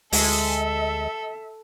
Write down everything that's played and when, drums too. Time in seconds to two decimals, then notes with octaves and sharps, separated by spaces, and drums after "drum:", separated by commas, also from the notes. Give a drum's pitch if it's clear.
0.12 D2 G#3 A4 E5, drum: open hi-hat